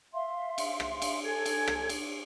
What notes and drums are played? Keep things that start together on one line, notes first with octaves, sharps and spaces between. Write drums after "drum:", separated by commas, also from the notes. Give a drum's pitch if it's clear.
E5 F5 C6
drum: cymbal
drum: rim click
drum: cymbal
A4 G#5 G#6
drum: cymbal
drum: rim click
drum: cymbal